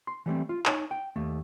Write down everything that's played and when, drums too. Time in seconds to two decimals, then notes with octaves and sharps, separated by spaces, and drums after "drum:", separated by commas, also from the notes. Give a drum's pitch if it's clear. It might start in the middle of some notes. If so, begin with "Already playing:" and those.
0.07 C6
0.26 E3 G3 A3 C4
0.49 F4
0.65 D#4 C#5 G#5 A5, drum: clap
0.91 G5
1.16 D#2 A3